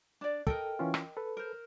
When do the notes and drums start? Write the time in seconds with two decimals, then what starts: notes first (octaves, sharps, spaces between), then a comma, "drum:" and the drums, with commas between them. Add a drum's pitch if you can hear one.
0.21 D4 D5
0.47 A4 A#4 D#5 G5, drum: kick
0.79 E3 C#4 F4
0.94 drum: rim click
1.17 A4 B4
1.37 A#4 C5